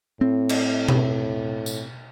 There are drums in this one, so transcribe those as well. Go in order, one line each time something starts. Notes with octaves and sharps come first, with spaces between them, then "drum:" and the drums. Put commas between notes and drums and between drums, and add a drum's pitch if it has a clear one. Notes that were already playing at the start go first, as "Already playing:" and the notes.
A2 C4
drum: cymbal
drum: tom B2
drum: tambourine